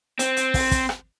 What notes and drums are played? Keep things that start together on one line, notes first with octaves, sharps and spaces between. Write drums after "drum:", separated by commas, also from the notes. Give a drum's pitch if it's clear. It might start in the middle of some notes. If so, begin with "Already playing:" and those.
C4, drum: hi-hat
drum: hi-hat
drum: kick, open hi-hat
drum: kick, hi-hat
drum: rim click